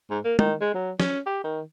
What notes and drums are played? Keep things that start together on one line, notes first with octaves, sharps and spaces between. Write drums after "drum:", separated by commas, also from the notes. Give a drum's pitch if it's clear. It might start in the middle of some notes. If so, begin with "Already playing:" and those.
G#2
A#3
D#3, drum: tom
G#3
F#3
C#4, drum: snare
G4
D#3